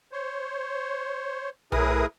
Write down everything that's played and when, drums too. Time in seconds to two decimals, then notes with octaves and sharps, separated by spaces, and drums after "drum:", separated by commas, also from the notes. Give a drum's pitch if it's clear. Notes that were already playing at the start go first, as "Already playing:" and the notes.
0.12 C5 C#5
1.72 A2 E4 G#4 A#4 B4 D#6, drum: tom B1